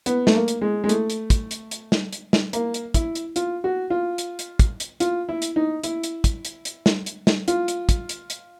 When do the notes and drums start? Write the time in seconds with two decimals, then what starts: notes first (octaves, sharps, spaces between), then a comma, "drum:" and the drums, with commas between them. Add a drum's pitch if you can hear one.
0.06 B3, drum: hi-hat
0.27 A3, drum: snare
0.35 A#3
0.48 drum: hi-hat
0.62 G#3
0.84 G#3
0.89 A3, drum: hi-hat
1.10 drum: hi-hat
1.30 drum: kick, hi-hat
1.51 drum: hi-hat
1.71 drum: hi-hat
1.92 drum: snare
2.13 drum: hi-hat
2.33 drum: snare
2.53 A#3, drum: hi-hat
2.74 drum: hi-hat
2.94 E4, drum: kick, hi-hat
3.15 drum: hi-hat
3.36 F4, drum: hi-hat
3.64 F#4
3.90 F4
4.18 drum: hi-hat
4.39 drum: hi-hat
4.59 drum: kick, hi-hat
4.80 drum: hi-hat
5.00 F4, drum: hi-hat
5.29 E4
5.42 drum: hi-hat
5.56 D#4
5.84 E4, drum: hi-hat
6.03 drum: hi-hat
6.24 drum: kick, hi-hat
6.45 drum: hi-hat
6.65 drum: hi-hat
6.86 drum: snare
7.06 drum: hi-hat
7.27 drum: snare
7.48 F4, drum: hi-hat
7.68 drum: hi-hat
7.89 drum: kick, hi-hat
8.09 drum: hi-hat
8.30 drum: hi-hat